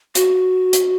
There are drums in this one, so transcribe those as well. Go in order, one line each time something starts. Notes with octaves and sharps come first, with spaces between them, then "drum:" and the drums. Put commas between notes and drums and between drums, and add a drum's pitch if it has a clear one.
F#4, drum: hi-hat
drum: hi-hat